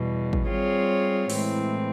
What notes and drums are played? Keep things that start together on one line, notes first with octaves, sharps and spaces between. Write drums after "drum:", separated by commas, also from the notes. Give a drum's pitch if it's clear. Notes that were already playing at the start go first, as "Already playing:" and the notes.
Already playing: E2 B2 G3
drum: kick
G3 C4 F4 G#4 C#5
A2 E3 G#3 C4, drum: open hi-hat